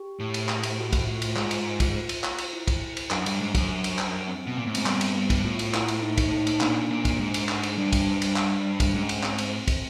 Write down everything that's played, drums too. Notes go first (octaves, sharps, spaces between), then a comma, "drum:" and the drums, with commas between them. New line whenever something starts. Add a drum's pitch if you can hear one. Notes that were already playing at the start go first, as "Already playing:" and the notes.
Already playing: G4
A2
drum: cymbal
drum: clap
drum: cymbal
F#4
drum: kick, cymbal
F4
drum: cymbal
G#2 F4, drum: clap
drum: cymbal
drum: kick, cymbal
drum: cymbal
drum: clap
drum: cymbal
E4
drum: kick, cymbal
drum: cymbal
F#2 D4, drum: clap
G2, drum: cymbal
G#2
F#2, drum: kick, cymbal
drum: cymbal
drum: clap
C4
B2
A#2 B3
A2
G#2 C4, drum: cymbal
G2 B3, drum: clap
drum: cymbal
B3
drum: kick, cymbal
A2 F4
drum: cymbal
E4, drum: clap
drum: cymbal
D#4
drum: kick, cymbal
D#4
drum: cymbal
A#2 D4, drum: clap
A#2
drum: kick, cymbal
G#2
drum: cymbal
drum: clap
drum: cymbal
G2 D4
drum: kick, cymbal
drum: cymbal
drum: clap
drum: kick, cymbal
G#2 C#4
drum: cymbal
C4, drum: clap
drum: cymbal
drum: kick, cymbal